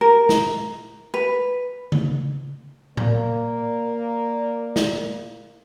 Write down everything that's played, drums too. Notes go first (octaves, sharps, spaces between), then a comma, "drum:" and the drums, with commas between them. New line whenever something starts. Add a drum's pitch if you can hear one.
A#4
drum: snare
B4
drum: tom C#3
A#3 D5, drum: tom A2
drum: snare